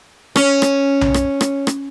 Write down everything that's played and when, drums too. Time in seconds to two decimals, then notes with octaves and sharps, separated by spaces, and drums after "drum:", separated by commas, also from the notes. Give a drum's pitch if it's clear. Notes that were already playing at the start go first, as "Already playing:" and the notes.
0.36 C#4, drum: rim click
0.62 drum: rim click
1.01 drum: tom B1
1.14 drum: rim click
1.41 drum: rim click
1.67 drum: rim click